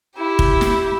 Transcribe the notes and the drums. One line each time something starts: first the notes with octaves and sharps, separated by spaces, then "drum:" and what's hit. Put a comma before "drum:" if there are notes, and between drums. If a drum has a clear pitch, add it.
E4 G4
drum: kick
drum: snare